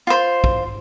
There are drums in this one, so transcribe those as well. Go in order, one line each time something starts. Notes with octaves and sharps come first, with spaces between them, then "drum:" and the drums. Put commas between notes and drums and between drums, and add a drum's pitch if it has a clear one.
F4 C5
drum: kick